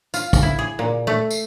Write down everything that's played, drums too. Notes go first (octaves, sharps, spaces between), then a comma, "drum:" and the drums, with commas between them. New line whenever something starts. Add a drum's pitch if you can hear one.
F4, drum: tambourine
drum: kick, tambourine
E4
G#4
A#2
A3
drum: tambourine